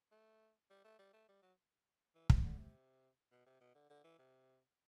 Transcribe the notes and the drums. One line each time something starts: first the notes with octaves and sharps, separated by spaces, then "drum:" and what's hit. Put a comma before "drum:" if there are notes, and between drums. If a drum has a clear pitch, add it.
A3
G3
A3
G3
A3
G3
F#3
E3
C3, drum: kick
D3
C3
B2
C3
B2
D3
D3
E3
C3